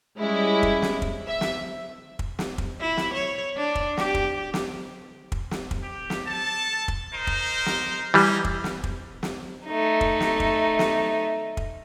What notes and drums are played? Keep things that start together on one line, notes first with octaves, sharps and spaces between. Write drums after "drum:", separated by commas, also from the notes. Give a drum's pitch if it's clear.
G3 G#3 C#4 E4
drum: kick
drum: snare
drum: kick
E5
drum: snare
drum: kick
drum: snare
drum: kick
E4
drum: snare
C#5
D4
drum: kick
G4, drum: snare
drum: kick
drum: snare
drum: kick
drum: snare
drum: kick
G4
drum: snare
A4 A5
drum: kick
D#4 A#4 C5
drum: kick
drum: snare
E3 G3 D#4 G4 G#4
drum: kick
drum: snare
drum: kick
drum: snare
A3 D#4
drum: kick
drum: snare
drum: kick
drum: snare
drum: kick